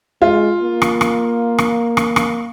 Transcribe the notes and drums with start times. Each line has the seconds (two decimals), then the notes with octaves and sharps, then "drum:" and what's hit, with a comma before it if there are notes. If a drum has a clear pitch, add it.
0.22 G#3 F4
0.62 A#3
0.82 drum: rim click
1.01 drum: rim click
1.58 drum: rim click
1.97 drum: rim click
2.16 drum: rim click